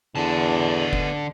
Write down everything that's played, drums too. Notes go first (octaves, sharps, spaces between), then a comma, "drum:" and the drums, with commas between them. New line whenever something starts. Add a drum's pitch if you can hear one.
E2 D3 B3 A5
drum: kick F#1